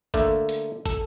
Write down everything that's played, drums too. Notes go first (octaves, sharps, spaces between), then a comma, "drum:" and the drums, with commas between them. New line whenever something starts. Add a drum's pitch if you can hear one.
D3 A3 A#3, drum: kick, hi-hat
drum: hi-hat
A4, drum: kick, hi-hat